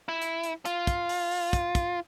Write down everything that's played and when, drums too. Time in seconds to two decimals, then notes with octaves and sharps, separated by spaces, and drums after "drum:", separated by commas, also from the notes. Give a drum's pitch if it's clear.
0.08 E4
0.22 drum: hi-hat
0.44 drum: hi-hat
0.65 F4, drum: hi-hat
0.87 drum: kick, hi-hat
1.09 drum: open hi-hat
1.31 drum: open hi-hat
1.53 drum: kick, hi-hat
1.75 drum: kick, hi-hat